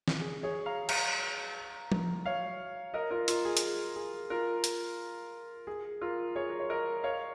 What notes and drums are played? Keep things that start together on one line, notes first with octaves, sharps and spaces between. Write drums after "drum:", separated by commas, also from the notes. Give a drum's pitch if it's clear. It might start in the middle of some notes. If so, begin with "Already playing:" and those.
drum: snare
G#4
G#4 C#5
F5 A#5
F5 A#5, drum: cymbal
drum: tom F3
C#5 F5
A#4 D#5
F4 A#4
F4, drum: hi-hat
G#4
drum: hi-hat
G#4
F4 A#4
drum: hi-hat
G#4
F4 A#4
G#4 C#5
A#4
C#5
A#4 D#5
C#5 F5